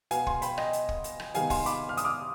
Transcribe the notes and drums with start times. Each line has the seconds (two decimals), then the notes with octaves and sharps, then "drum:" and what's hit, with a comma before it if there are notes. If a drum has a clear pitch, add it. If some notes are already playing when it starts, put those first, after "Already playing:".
0.11 B2 B3 F5 G#5, drum: hi-hat
0.27 G#5 C6, drum: kick
0.42 G5 B5, drum: hi-hat
0.58 D#5 G5, drum: rim click
0.73 drum: hi-hat
0.89 drum: kick
1.04 drum: hi-hat
1.20 drum: rim click
1.34 C3 D#3 G3 B3 F5 G#5, drum: hi-hat
1.50 G#5 C6, drum: kick, open hi-hat
1.66 B5 D6, drum: hi-hat
1.89 F6
1.97 D#6, drum: hi-hat
2.05 D6 F6